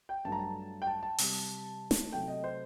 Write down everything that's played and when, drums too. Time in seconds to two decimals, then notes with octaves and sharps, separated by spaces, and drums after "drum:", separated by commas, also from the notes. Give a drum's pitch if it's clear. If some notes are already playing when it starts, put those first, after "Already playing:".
0.09 G5
0.25 G2 F#3 A3 A5
0.32 A#5
0.39 A5
0.82 G5
0.87 A5
1.03 A5
1.18 C3 G3, drum: open hi-hat
1.91 drum: snare
2.12 C3 F#3 A3 G5
2.28 D#5
2.44 C5